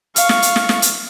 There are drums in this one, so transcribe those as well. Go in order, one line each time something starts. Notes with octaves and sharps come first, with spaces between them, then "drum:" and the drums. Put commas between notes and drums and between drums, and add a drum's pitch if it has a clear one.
F5 C#6, drum: hi-hat
drum: snare
drum: hi-hat
drum: snare
drum: snare
drum: hi-hat